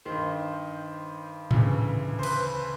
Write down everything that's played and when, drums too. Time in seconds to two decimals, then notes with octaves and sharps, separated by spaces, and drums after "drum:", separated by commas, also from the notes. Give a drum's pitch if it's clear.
0.05 G2 D#3 C5
1.51 D2 C#3 E3, drum: tom G#2
2.19 C5
2.23 B4, drum: cymbal